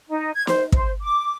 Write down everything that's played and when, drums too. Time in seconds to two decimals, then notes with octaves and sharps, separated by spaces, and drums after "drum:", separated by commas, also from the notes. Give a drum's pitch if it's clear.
0.09 D#4
0.34 G#6
0.47 C5, drum: snare
0.72 C5, drum: kick
1.01 D6